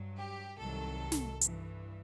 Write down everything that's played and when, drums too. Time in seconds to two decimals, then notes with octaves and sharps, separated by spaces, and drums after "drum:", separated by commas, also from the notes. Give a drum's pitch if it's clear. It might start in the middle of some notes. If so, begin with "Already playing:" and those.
Already playing: G2 F#3
0.16 G4
0.57 C2 C3 D#3 F#3 A4
1.12 drum: snare
1.41 G2 E3, drum: hi-hat